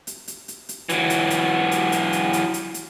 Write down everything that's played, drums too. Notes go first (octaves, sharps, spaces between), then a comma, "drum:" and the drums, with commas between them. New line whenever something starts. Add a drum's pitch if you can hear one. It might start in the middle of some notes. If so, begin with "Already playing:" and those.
drum: hi-hat
drum: hi-hat
drum: hi-hat
drum: hi-hat
E3 F#3, drum: hi-hat
drum: hi-hat
drum: hi-hat
drum: hi-hat
drum: hi-hat
drum: hi-hat
drum: hi-hat
drum: hi-hat
drum: hi-hat